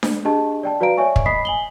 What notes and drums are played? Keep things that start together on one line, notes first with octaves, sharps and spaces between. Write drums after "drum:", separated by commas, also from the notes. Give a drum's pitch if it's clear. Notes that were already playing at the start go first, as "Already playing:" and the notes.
drum: snare D4
D4 G4 G#4 D#5 A5
D5 G5 A5
F#4 B4 D5 F5 A#5 D7
C#5 D5 E5 G#5 C#6
drum: kick
D#5 B5 D#6 B6 C7
G#5 F#7 G7